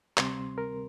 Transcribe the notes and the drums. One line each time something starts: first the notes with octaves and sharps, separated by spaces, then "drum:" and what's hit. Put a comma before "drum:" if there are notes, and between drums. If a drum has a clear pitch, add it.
D2 C3 G3 C4 C6, drum: clap
A#4